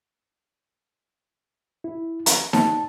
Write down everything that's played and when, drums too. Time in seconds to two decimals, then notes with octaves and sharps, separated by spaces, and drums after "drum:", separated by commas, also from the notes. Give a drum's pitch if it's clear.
1.84 E4
2.26 A#5, drum: hi-hat
2.53 A5, drum: snare D#4